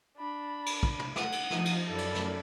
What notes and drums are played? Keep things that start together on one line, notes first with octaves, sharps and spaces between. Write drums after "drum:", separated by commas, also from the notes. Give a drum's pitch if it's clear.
D4 B5
drum: cymbal
drum: kick
drum: tom
F#5 D#6, drum: snare
drum: cymbal
F3 D#4, drum: snare
drum: cymbal
F#2 A4 D5 B5
drum: cymbal
drum: snare